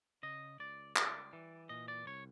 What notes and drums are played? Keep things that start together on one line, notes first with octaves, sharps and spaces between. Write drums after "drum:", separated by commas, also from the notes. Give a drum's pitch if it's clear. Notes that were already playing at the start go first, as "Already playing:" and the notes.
C#3 D#5
C#2 D5
G3 D5, drum: clap
E3
A#2 D#5
D5
C2 C#5